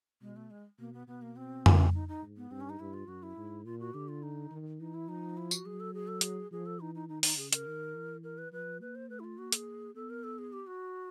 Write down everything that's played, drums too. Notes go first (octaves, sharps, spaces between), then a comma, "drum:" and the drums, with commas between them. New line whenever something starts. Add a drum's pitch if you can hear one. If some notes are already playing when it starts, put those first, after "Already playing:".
B2 G#3
A3
G#3
B2 A#3
B3
B2 B3
A#3
C4
drum: tom F2
D#4
D#4
G#2
B3
G2 C4
C#4
D#4
G2 E4
F4
F#2 F#4
E4
G#2
A#2 F4
F#4
D3 G4
F4
D#4
D#3
E3 D#4
E4
F3 D#4
E4
F#4, drum: tambourine
F#3 G#4
A4
G#4
A4
G#4, drum: hi-hat
F3 G#4
A4
E3 D#4
D#4
D#3 D#4
D#4, drum: open hi-hat
C#3 G#4
A#4, drum: hi-hat
D#3
E3
A#4
B4
F3 B4
A#3 B4
C5
A3 B4
E4
F4
A#3 F#4
A4, drum: hi-hat
G#4
B3 A4
A#4
A4
G#4
G4
F#4